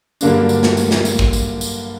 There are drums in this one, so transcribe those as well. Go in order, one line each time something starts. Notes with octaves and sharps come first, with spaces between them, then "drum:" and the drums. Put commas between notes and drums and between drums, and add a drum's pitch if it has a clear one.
G2 D3 F#3 A#3 D4, drum: tambourine
drum: tambourine
drum: snare
drum: tambourine
drum: snare
drum: tambourine
drum: kick
drum: tambourine
drum: tambourine